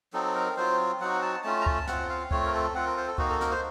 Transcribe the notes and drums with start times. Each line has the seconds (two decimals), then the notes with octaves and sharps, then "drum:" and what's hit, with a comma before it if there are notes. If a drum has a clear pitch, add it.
0.13 F#3 C4 D#4 A4
0.35 A#4
0.57 F#3 C4 F4 C5
1.00 F#3 C4 D#4 F#4 F#5
1.22 A5
1.44 A3 C#4 F4 A5
1.61 A#5
1.66 A5, drum: kick C#2
1.87 C4 F4 F#5, drum: snare
2.10 F5
2.31 A3 C4 F4 C#5, drum: kick C#2
2.46 A#4
2.54 A4
2.75 C4 F4 F#5
2.86 A#4
2.97 C5
3.07 A4
3.18 A#3 D#4 F#4, drum: kick C#2
3.30 A4
3.41 A#4, drum: snare
3.51 C5